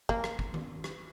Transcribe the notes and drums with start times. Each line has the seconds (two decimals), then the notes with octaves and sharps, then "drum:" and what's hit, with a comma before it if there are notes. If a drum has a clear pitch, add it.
0.09 A#3, drum: kick
0.24 drum: rim click
0.39 drum: kick
0.54 drum: tom D#3
0.84 drum: rim click